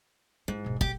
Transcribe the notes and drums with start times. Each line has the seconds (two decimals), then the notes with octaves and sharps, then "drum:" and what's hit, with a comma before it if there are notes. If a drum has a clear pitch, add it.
0.48 G#2 E4
0.64 E1 B2
0.81 G4, drum: kick